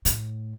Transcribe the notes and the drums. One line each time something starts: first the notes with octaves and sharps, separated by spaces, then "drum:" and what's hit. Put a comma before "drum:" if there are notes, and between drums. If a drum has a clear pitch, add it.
A2, drum: hi-hat